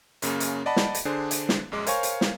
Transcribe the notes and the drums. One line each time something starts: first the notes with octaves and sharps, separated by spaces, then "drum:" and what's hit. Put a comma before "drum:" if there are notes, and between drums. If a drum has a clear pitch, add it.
F#2 C#3 A#3 C#4, drum: hi-hat
drum: hi-hat
D5 D#5 F#5 A5 B5
drum: snare
drum: hi-hat
D3 D4 G#4 C5
drum: hi-hat
drum: snare
A#1 F#2 G#3 D6
A#4 C5 C#5 F5 G#5 C#6, drum: hi-hat
drum: hi-hat
drum: snare